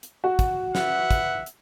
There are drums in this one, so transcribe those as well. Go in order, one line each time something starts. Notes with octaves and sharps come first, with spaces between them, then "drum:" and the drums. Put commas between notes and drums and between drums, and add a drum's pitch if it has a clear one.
drum: hi-hat
F#4
drum: kick, hi-hat
B4 E5 F#5, drum: snare
drum: kick, hi-hat
drum: hi-hat